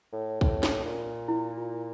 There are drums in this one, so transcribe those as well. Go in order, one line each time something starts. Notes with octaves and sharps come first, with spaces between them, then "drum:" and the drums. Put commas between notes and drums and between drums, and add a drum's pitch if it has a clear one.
A2
A2, drum: kick
drum: snare
A#2
E4
F4